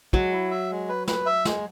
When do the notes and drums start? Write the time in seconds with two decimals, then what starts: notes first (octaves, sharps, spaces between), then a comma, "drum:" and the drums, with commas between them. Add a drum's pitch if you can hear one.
0.13 F#3 G#3, drum: kick
0.32 E4
0.51 E5
0.71 G#3
0.89 B4
1.08 B4, drum: snare
1.26 E5
1.45 G#3, drum: snare